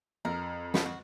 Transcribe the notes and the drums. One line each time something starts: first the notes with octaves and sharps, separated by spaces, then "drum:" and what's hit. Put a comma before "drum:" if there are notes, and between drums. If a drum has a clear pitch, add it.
F2 A#4
F3 A3 B3, drum: snare
F#4